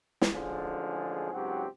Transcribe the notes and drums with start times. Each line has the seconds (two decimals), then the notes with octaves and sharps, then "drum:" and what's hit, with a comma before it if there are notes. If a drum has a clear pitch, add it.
0.21 drum: snare
0.34 A1 D3 F3 G#3 G#4
1.32 C#2 G#2 F#3 C4 F#4 G4